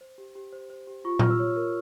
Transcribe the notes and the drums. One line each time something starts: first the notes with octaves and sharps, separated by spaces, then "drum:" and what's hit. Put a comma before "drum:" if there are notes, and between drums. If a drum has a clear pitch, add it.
C5
G4
G4
C5
C5
G4
F4 C#6
F4 F6, drum: tom A#2
E6
C#5
A#4